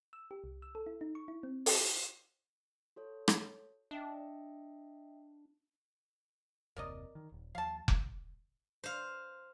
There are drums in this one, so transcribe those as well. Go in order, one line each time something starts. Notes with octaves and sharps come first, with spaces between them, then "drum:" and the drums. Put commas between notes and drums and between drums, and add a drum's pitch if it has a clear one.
E6
G4
C2
E6
A4
E4
D#4
C#6
E4
C4
D#5, drum: open hi-hat
F#4 A4 C#5
drum: rim click
D4 D#5 E5 G5
F#1 D#2 C3 A#4 D5 D#5
D#3
D#1
D#2 F3 F5 A5
drum: kick F1
C5 F5